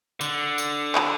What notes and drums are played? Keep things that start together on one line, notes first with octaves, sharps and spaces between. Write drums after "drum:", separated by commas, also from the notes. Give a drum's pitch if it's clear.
D3, drum: tambourine
drum: tambourine
drum: clap